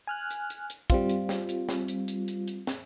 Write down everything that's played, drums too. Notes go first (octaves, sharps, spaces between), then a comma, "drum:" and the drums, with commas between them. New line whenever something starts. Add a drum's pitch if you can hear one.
G#5 F6 F#6
drum: hi-hat
drum: hi-hat
drum: hi-hat
G3 C4 F4, drum: kick, hi-hat
drum: hi-hat
drum: snare
drum: hi-hat
drum: snare
drum: hi-hat
drum: hi-hat
drum: hi-hat
drum: hi-hat
drum: snare